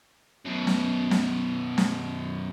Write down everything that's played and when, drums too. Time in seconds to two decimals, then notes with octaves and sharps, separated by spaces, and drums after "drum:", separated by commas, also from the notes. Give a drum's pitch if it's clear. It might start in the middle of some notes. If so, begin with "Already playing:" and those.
0.45 F#2 B2
0.67 drum: snare
1.11 drum: snare
1.78 drum: snare